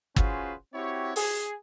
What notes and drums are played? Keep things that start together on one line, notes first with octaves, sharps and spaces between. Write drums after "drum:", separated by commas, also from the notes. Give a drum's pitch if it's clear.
C#4 F4 F#4 G#4 B4 C5, drum: kick G1
C4 E4 F#4 G4 C#5
G#4, drum: open hi-hat